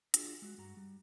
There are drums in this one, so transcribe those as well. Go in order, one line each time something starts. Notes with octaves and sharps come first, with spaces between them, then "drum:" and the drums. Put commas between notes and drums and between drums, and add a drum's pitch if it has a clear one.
D4 F4 F#4 G#4, drum: hi-hat
G#3 F#4
G2 F#4 A#5
G3